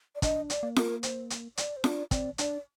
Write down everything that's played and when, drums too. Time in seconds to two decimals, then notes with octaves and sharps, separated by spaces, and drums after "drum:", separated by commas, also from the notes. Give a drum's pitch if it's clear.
0.15 D5
0.22 D4 D#5, drum: kick, hi-hat
0.50 D5, drum: hi-hat
0.63 A#3
0.76 A#4, drum: snare F4
1.03 C5, drum: hi-hat
1.30 drum: hi-hat
1.57 D5, drum: hi-hat
1.76 C5
1.84 D4 D5, drum: snare F4
2.11 C4 D5, drum: kick, hi-hat
2.38 D4 D5, drum: hi-hat